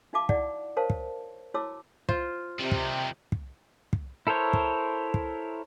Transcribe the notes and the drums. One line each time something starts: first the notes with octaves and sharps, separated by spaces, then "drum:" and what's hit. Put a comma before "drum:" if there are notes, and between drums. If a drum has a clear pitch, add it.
D#4 F#4 E5 F5 A5 D6
E4 D5 F#5, drum: kick
A#4 C5 C#5 F5 A5
drum: kick
E4 F#4 C#5 A5 D6 E6
F4 C5, drum: kick
C3 D#3 G3
drum: kick
drum: kick
drum: kick
E4 A4 A#4 C5 C#5
drum: kick
drum: kick